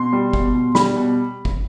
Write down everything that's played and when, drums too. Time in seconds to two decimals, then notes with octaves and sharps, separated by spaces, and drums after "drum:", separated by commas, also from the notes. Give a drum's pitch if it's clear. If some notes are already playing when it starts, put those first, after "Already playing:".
Already playing: B2 C6
0.13 G3
0.33 B2, drum: kick
0.54 B2
0.75 G3 B5, drum: snare
0.96 B2
1.45 drum: kick